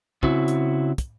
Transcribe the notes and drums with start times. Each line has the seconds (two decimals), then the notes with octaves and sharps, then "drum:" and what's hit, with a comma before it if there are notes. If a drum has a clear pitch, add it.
0.23 C#3 C4 E4 F#4, drum: kick
0.48 drum: hi-hat
0.98 drum: kick, hi-hat